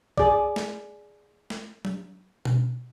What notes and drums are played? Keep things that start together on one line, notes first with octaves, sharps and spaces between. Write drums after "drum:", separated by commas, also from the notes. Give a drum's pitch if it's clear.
G#4 D5, drum: kick
drum: snare
drum: snare
drum: tom F#3
drum: tom B2